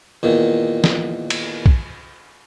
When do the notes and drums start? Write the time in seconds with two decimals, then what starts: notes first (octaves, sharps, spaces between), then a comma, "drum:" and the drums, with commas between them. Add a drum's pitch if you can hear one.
0.23 E2 A#2 D#3
0.84 drum: snare
1.30 drum: cymbal
1.66 drum: kick A#1